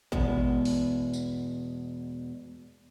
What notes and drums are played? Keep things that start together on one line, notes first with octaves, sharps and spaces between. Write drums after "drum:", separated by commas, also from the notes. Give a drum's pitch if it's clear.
E2 B2 G#3, drum: kick G#1
drum: open hi-hat
drum: tambourine